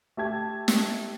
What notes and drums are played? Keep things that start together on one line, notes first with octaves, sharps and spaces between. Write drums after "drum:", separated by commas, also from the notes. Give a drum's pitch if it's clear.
A3 G4 A5 G#6
drum: snare